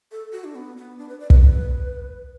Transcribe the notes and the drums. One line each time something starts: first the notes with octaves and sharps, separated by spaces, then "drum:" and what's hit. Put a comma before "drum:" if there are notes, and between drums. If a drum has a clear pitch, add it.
A4
F#4
D4
B3
B3
D4
B4
D5
B4, drum: kick
B4